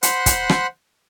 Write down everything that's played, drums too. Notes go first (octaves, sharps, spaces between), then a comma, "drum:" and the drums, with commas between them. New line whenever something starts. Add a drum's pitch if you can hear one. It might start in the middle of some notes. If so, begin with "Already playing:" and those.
C5 F#5 B5 C6 F#6, drum: hi-hat
drum: kick, hi-hat
drum: rim click